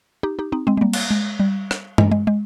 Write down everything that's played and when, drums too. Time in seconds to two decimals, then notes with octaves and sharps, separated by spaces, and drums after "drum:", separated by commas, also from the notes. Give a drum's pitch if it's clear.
0.23 D#4 G4
0.39 D#4 G4
0.52 C4 D#4
0.67 G#3 C4
0.77 G#3
0.81 G3 A#3
0.93 drum: cymbal
1.11 G#3
1.40 G3
1.71 drum: rim click
1.98 G#3, drum: tom G2
2.12 G#3
2.27 G#3